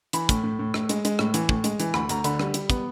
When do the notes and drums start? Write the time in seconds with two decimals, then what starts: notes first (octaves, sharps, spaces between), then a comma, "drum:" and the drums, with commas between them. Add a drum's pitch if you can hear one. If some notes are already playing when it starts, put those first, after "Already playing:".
0.13 E3 B5, drum: hi-hat
0.29 A2, drum: kick, hi-hat
0.43 A2
0.59 A2
0.74 A2, drum: rim click
0.89 G#3, drum: hi-hat
1.05 G#3, drum: hi-hat
1.19 A2, drum: rim click
1.34 E3, drum: hi-hat
1.49 A2, drum: kick
1.64 G#3, drum: hi-hat
1.80 E3, drum: hi-hat
1.94 D2 B5, drum: rim click
2.09 D2 A#5, drum: hi-hat
2.24 D3 B5, drum: hi-hat
2.39 G3, drum: rim click
2.54 G3, drum: hi-hat
2.70 B3, drum: kick, hi-hat